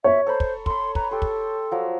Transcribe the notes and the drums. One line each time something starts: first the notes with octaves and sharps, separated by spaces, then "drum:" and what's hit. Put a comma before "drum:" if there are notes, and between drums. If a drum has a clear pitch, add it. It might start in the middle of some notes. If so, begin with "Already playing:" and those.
C#5 E5
A4 C5 A#5 B5
drum: kick
A4 B5 C6, drum: kick
B4 A#5, drum: kick
G4 A4 C6
drum: kick
F3 F#3